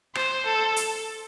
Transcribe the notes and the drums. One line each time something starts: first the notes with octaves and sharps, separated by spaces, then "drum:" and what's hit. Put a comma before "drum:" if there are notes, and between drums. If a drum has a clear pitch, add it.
C5, drum: rim click
A4
drum: hi-hat